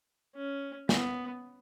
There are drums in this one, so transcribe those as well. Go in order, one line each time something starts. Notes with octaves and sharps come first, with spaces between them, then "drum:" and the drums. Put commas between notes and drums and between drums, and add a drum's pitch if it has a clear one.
C#4
B3, drum: snare